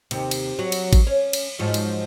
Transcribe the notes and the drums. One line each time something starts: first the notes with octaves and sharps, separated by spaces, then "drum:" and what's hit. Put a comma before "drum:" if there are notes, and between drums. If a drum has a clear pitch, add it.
D#2 C3, drum: cymbal
drum: cymbal
F#3
drum: cymbal
drum: kick A1, cymbal
C#4
drum: cymbal
G#2 F3 F#3
drum: cymbal